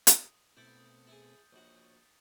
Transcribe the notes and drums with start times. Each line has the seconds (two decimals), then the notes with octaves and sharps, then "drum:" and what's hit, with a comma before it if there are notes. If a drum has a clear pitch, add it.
0.07 D#6, drum: hi-hat
0.57 B2 A3 C4 E4 D6 G6 A6 C#7
0.79 D#6
1.07 E4 G#4
1.53 A#1 F#4 C#5